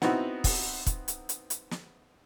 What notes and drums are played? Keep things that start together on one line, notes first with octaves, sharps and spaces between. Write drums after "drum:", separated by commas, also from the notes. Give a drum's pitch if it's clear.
B3 C4 D#4 E4 F#4, drum: snare
drum: kick, open hi-hat
drum: kick, hi-hat
drum: hi-hat
drum: hi-hat
drum: hi-hat
drum: snare